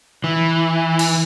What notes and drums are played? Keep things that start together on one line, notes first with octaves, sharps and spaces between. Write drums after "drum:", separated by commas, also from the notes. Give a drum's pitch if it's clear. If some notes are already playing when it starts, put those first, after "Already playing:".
E3
drum: cymbal